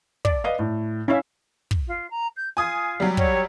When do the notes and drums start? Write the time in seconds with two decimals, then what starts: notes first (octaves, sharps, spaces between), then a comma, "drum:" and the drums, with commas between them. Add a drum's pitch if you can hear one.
0.25 D5, drum: kick
0.44 B4 D#5 F5
0.59 A2
1.08 C#4 E4 E5 F5
1.71 drum: kick
1.87 F4
2.10 A#5
2.36 G6
2.57 F4 G#5 D#6 G#6
3.00 F#3 G3
3.17 C#5, drum: kick